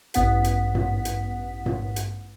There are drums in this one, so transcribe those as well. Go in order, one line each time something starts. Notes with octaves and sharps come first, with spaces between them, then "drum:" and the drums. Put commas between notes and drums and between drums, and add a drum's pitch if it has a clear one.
A1 G2 B3 F#5 B6, drum: hi-hat
drum: hi-hat
drum: tom
drum: hi-hat
drum: tom
drum: hi-hat